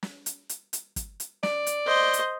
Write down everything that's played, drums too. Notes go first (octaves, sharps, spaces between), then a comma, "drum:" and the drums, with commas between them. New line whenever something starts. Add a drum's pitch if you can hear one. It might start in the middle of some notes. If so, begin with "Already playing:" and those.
drum: snare
drum: hi-hat
drum: hi-hat
drum: hi-hat
drum: kick, hi-hat
drum: hi-hat
D5, drum: snare
drum: hi-hat
C5 D#5
drum: hi-hat